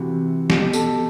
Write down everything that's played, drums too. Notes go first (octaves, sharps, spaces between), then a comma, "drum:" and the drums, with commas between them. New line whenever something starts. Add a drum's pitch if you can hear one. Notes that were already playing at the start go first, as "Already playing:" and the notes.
Already playing: C3 E3 F#4
B2 G4, drum: snare
A4, drum: tambourine